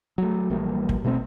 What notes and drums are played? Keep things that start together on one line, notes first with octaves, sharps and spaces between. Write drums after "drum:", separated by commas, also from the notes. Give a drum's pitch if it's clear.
F#3 A3
A#1 E3 G3 A#3
drum: kick
B2 A3 B3 C4